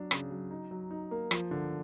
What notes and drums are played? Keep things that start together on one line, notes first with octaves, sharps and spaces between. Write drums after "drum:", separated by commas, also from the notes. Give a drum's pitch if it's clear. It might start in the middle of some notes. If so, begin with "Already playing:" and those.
Already playing: F#3 D4
C#3, drum: rim click
F#3
D#4
F#3
D#4
A#3
F3, drum: rim click
D3